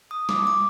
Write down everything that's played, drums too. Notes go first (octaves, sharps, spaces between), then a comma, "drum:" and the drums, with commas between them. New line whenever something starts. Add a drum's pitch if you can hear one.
D#6
D6, drum: snare
D6